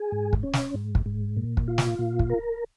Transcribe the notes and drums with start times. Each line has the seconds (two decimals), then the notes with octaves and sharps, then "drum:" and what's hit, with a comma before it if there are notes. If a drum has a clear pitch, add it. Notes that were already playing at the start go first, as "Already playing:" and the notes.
Already playing: G#4
0.12 G#2
0.33 drum: kick
0.43 C#4
0.53 drum: snare
0.74 G#2
0.95 drum: kick
1.06 G#2
1.37 A#2
1.57 drum: kick
1.68 F4
1.78 drum: snare
1.99 A#2
2.19 drum: kick
2.30 A#4